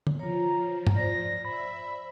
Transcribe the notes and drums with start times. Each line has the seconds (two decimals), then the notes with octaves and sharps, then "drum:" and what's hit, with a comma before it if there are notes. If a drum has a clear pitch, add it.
0.07 drum: tom
0.19 F3 F4 C#5 A#5
0.87 drum: tom
0.96 C5 D5 A#6
1.45 E5 B5